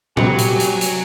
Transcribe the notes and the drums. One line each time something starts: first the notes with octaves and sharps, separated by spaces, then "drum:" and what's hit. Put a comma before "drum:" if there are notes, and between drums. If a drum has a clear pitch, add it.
F#3 G4 G#5, drum: tom A#2
drum: hi-hat
drum: hi-hat
drum: hi-hat